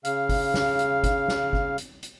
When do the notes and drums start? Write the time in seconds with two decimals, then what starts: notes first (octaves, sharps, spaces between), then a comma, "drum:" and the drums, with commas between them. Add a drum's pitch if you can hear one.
0.05 C#3 F5, drum: hi-hat
0.29 drum: kick G1, open hi-hat
0.54 drum: snare
0.79 drum: hi-hat
1.04 drum: kick G1, hi-hat
1.28 drum: snare
1.53 drum: kick G1
1.78 drum: hi-hat
2.03 drum: hi-hat